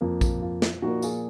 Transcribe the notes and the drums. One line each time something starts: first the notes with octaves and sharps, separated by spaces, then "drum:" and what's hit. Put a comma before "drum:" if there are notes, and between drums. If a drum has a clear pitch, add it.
F2 F3 A#3
drum: kick A#1, tambourine
F4
drum: snare
A#2 F3 A#3 D#4 F#4
F4 G#4, drum: tambourine